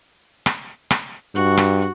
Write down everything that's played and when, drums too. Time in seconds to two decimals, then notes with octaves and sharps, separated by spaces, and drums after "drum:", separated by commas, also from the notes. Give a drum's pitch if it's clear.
0.46 drum: rim click
0.91 drum: rim click
1.35 G2 F#4
1.57 drum: rim click